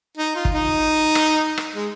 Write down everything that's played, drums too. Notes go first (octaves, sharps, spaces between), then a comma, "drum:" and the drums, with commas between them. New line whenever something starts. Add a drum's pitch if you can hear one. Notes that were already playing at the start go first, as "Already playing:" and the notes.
D#4
F4
drum: kick
D#4
drum: rim click
drum: rim click
G#3